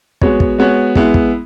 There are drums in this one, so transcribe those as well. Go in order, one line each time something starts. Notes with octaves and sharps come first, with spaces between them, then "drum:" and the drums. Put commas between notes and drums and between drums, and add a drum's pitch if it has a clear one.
G#3 B3 F#4 C#5, drum: kick
drum: kick
G#3 B3 F#4 C#5
G#3 B3 E4, drum: kick
drum: kick